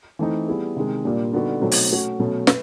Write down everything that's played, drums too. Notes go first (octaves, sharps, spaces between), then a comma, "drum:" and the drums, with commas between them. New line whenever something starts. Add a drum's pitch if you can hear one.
E3 A3 C4 D#4
G3 B3 E4 G#4
C3 D#3 G#3
A#2 G3 A#3 D4 F4
D3 G3 B3 D#4 F#4
B2 F#3 A3 C4 D#4
drum: open hi-hat
A3 C#4 F#4
B2 F#3 A3 C#4
B4, drum: snare